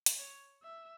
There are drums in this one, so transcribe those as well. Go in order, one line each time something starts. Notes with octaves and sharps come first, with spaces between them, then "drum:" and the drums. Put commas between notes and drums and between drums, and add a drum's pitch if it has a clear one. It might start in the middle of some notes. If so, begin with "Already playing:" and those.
drum: hi-hat
C#5
E5